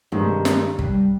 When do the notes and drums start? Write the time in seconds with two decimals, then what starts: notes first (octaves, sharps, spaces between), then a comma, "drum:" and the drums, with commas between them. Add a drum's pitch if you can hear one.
0.12 G2 C3 D#3 G#3
0.45 drum: snare
0.79 G2, drum: kick